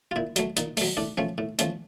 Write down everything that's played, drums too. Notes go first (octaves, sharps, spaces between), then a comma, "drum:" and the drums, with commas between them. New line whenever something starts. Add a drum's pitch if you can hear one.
F4
A#2 E4
F#3 A3, drum: hi-hat
A#2 D#4, drum: hi-hat
F#3 A3, drum: open hi-hat
A2 D4
F3 A3 C#4
A2
F3 A3 C#4, drum: hi-hat